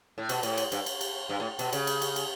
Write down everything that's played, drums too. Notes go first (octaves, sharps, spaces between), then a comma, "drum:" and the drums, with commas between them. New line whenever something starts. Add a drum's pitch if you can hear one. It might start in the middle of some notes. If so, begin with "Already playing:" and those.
A2
B2, drum: cymbal
A2, drum: cymbal
drum: cymbal
G2, drum: cymbal
drum: cymbal
drum: cymbal
G2
A2
B2, drum: cymbal
C#3, drum: cymbal
drum: cymbal
drum: cymbal
drum: cymbal